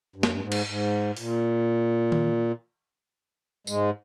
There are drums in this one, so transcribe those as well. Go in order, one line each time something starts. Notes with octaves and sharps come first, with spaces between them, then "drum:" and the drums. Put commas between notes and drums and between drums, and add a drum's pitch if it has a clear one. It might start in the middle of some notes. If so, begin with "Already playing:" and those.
G2
F#2, drum: snare
G2
G#2
drum: cymbal
G#2
A#2, drum: open hi-hat
drum: tom D#3
G#2 G#3, drum: tambourine